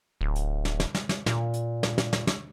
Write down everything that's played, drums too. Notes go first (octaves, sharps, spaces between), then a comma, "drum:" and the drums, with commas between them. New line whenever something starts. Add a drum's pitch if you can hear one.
D1
drum: hi-hat
drum: snare
drum: snare
drum: snare
drum: snare
A#2, drum: snare
drum: hi-hat
drum: snare
drum: snare
drum: snare
drum: snare